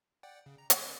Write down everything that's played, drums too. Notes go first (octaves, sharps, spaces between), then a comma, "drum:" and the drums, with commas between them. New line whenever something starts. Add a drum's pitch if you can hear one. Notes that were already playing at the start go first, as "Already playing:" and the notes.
D5 F#5 G5
C#3
A#5
F#5 G#6, drum: hi-hat
C#4 B4 D#5